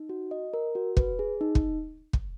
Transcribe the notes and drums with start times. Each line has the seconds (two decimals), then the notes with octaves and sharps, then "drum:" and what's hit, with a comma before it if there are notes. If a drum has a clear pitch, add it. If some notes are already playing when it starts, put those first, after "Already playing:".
Already playing: D#4
0.09 F#4
0.31 D#5
0.54 A#4
0.75 F#4
0.97 B4, drum: kick
1.19 G#4
1.41 D#4
1.55 drum: kick
2.13 drum: kick